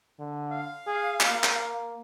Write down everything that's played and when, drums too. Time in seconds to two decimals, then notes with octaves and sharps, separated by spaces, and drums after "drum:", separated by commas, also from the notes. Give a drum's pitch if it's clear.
0.19 D3
0.51 F5
0.87 G#4
1.20 drum: clap
1.31 A#3
1.44 drum: clap